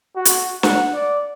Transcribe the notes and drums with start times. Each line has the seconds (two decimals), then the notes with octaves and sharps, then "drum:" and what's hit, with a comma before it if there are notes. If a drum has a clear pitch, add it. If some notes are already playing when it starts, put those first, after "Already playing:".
0.16 F#4
0.25 drum: hi-hat
0.63 F#5, drum: snare
0.94 D5